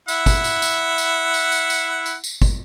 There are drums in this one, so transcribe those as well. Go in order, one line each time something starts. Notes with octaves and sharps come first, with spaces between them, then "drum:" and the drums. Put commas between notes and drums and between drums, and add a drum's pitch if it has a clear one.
E4 E5 F#5, drum: tambourine
drum: kick, tambourine
drum: tambourine
drum: tambourine
drum: tambourine
drum: tambourine
drum: tambourine
drum: tambourine
drum: tambourine
drum: tambourine
drum: kick, tambourine